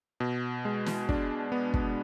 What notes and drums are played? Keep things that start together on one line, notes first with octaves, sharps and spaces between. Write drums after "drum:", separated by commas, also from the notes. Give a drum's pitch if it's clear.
B2
G#3
drum: snare
D4, drum: kick
B3
drum: kick